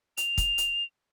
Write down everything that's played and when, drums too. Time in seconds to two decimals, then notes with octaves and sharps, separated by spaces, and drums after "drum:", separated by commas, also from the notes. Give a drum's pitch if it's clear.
0.17 F7, drum: hi-hat
0.38 drum: kick, hi-hat
0.58 drum: hi-hat